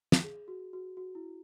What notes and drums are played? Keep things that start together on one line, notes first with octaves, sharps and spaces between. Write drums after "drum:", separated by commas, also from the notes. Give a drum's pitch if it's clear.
drum: snare
G#4
F#4
F#4
F#4
E4